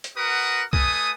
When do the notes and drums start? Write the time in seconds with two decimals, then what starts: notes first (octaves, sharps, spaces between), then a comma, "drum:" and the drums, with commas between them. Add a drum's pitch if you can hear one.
0.04 drum: hi-hat
0.17 F#4 A#4 B4 F#5 D#6
0.73 A3 B4 G#5 D#6, drum: kick